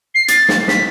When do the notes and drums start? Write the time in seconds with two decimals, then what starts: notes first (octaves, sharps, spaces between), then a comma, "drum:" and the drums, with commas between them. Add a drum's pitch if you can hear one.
0.15 C7
0.28 A6, drum: hi-hat
0.49 drum: snare
0.68 B6, drum: snare